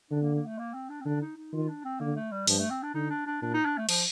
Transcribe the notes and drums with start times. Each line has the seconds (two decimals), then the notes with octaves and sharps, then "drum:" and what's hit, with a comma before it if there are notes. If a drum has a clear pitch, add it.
0.11 D3 D4
0.22 A#3
0.35 A#3
0.46 A3
0.58 A#3
0.74 C4
0.90 D4
1.01 C4
1.05 D3 D4
1.21 D#4
1.37 D#4
1.53 D#3 F4
1.68 D4
1.84 C4
2.00 D3 A#3
2.16 A3
2.31 G3
2.47 G2 F3, drum: open hi-hat
2.59 A3
2.70 C4
2.83 D4
2.94 D3 D#4
3.10 D4
3.27 D4
3.41 A#2 D4
3.54 D#4
3.66 D4
3.77 A3
3.89 F3, drum: cymbal